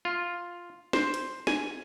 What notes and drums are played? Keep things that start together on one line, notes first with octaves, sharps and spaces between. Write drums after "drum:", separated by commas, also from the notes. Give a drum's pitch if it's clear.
F4
C5, drum: snare
drum: hi-hat
G#5, drum: snare